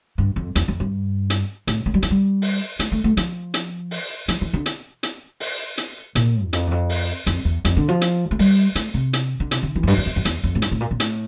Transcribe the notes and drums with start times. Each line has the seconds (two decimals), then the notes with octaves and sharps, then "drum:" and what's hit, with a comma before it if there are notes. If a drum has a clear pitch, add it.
0.18 G2
0.36 F2
0.55 E2, drum: hi-hat
0.68 F2
0.80 G2
1.30 drum: hi-hat
1.67 A2, drum: hi-hat
1.86 A3
1.94 G3
2.02 F3, drum: hi-hat
2.10 G3
2.42 drum: open hi-hat
2.79 A3, drum: hi-hat
2.92 A3
3.04 A3
3.17 F3, drum: hi-hat
3.54 drum: hi-hat
3.91 drum: open hi-hat
4.28 F3, drum: hi-hat
4.41 E3
4.53 D3
4.66 drum: hi-hat
5.03 drum: hi-hat
5.40 drum: open hi-hat
5.78 drum: hi-hat
6.15 A#2, drum: hi-hat
6.44 E2
6.53 F2, drum: hi-hat
6.67 E2
6.71 F2
6.89 drum: open hi-hat
7.27 F2, drum: hi-hat
7.45 E2
7.65 F2, drum: hi-hat
7.77 D3
7.88 F3
8.01 drum: hi-hat
8.31 A3
8.39 G3, drum: open hi-hat
8.75 A3, drum: hi-hat
8.94 C3
9.13 drum: hi-hat
9.40 D3
9.51 C3, drum: hi-hat
9.63 D3
9.76 E3
9.83 F2
9.87 G2, drum: open hi-hat
9.98 F2
10.06 E2
10.16 F2
10.25 E2, drum: hi-hat
10.43 F2
10.55 A2
10.62 G2, drum: hi-hat
10.72 A2
10.81 A#2
10.91 A#2
11.00 A2, drum: hi-hat